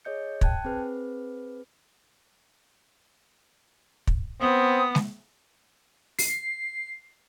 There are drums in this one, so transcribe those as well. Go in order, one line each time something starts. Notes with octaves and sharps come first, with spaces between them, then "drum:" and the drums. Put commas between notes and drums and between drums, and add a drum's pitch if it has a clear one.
G#4 C#5 D#5 G6 C#7
G5 A5 F#6 G#6, drum: kick
C4 G#4 B4
drum: kick
B3 C4 D#6
drum: snare
C7, drum: open hi-hat